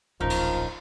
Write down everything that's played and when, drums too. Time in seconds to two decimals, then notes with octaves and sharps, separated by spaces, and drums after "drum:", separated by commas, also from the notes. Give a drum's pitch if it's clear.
0.20 D1 A#1 F3 C#4 D#4 A#4
0.30 drum: cymbal